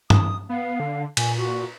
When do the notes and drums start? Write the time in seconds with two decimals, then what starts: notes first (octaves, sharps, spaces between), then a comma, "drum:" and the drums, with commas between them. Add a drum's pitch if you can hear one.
0.10 D#6, drum: tom
0.49 B3 F5
0.80 D3
1.17 A#2 G#5, drum: cymbal
1.37 F#4